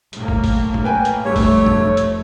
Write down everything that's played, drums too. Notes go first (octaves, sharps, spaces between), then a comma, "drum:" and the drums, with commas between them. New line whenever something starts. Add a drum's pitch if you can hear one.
A2 A#3, drum: hi-hat
drum: kick
drum: kick, open hi-hat
drum: tom A2
B4 G5 G#5
drum: hi-hat
F1 G3 A3 C#5
drum: kick, open hi-hat
drum: tom A2
drum: hi-hat